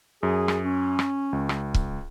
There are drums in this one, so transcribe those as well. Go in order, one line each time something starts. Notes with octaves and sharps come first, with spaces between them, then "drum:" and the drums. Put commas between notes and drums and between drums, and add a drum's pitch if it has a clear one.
F#2 G#4
drum: rim click
C#4
drum: rim click
C#2
drum: rim click
drum: kick